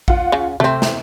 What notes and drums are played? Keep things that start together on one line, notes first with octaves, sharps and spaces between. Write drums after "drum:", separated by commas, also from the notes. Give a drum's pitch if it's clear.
F4 F#5, drum: kick
C#3
C3 A3 C4
drum: snare